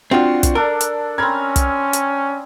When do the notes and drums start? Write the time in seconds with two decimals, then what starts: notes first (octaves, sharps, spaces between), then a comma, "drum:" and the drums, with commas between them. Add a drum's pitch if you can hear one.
0.11 C4 D4 F4 F#4 C6
0.43 drum: kick, hi-hat
0.55 D4 A4 A#4 D5
0.81 drum: hi-hat
1.18 C4 C#4 A#5 B5 F6 G#6
1.56 drum: kick, hi-hat
1.93 drum: hi-hat